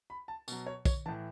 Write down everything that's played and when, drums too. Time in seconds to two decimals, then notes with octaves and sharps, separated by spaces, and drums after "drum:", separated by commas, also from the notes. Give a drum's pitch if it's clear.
0.10 B5
0.28 A5
0.48 B2 F#3, drum: tambourine
0.67 C#5
0.85 C#5, drum: kick, tambourine
1.06 A2 E3 A5